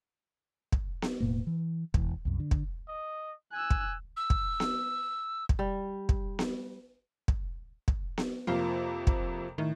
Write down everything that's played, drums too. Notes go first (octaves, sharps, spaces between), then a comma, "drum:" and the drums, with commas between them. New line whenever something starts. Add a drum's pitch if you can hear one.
drum: kick
drum: snare B3
E1 A2 A#3
E3
E1 E3, drum: kick
C2 F#2
D3
drum: kick
D#5
G#5 E6 F#6
drum: kick
E6
drum: kick
drum: snare B3
drum: kick
G3
drum: kick
drum: snare B3
drum: kick
drum: kick
drum: snare B3
F2 C3 A#3 F4
drum: kick
A2 D#3